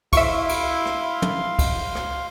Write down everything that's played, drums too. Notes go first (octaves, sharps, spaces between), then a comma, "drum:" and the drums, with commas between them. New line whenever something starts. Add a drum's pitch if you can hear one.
E4 E5 F5 C6 C#6, drum: kick, cymbal
drum: cymbal
drum: rim click
drum: tom
drum: kick, cymbal
drum: rim click